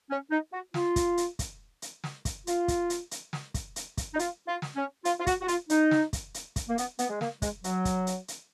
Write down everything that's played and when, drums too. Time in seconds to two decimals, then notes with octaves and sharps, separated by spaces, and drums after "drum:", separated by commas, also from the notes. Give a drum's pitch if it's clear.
0.10 C#4
0.31 D#4
0.52 F#4
0.74 F4, drum: snare
0.96 drum: kick, hi-hat
1.17 drum: hi-hat
1.39 drum: kick, hi-hat
1.82 drum: hi-hat
2.04 drum: snare
2.25 drum: kick, hi-hat
2.47 F4, drum: hi-hat
2.68 drum: kick, hi-hat
2.90 drum: hi-hat
3.11 drum: hi-hat
3.33 drum: snare
3.54 drum: kick, hi-hat
3.76 drum: hi-hat
3.97 drum: kick, hi-hat
4.14 D#4
4.19 F4, drum: hi-hat
4.48 F4
4.62 drum: snare
4.76 C#4
5.05 F4, drum: hi-hat
5.20 F4
5.27 F#4, drum: kick, hi-hat
5.41 F#4
5.48 F4, drum: hi-hat
5.70 D#4, drum: hi-hat
5.91 drum: snare
6.13 drum: kick, hi-hat
6.34 drum: hi-hat
6.56 drum: kick, hi-hat
6.69 A#3
6.78 B3, drum: hi-hat
6.99 B3, drum: hi-hat
7.10 G#3
7.21 A#3, drum: snare
7.42 G#3, drum: kick, hi-hat
7.64 F#3, drum: hi-hat
7.85 drum: kick, hi-hat
8.07 drum: hi-hat
8.28 drum: hi-hat